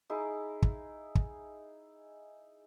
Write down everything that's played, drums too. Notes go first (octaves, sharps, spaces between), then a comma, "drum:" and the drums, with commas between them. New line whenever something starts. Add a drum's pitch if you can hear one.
D#4 E4 G#4
drum: kick
drum: kick